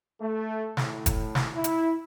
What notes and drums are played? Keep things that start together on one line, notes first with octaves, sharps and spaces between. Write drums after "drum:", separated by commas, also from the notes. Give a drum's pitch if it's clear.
A3
A2, drum: snare
drum: kick, hi-hat
drum: snare
E4
drum: hi-hat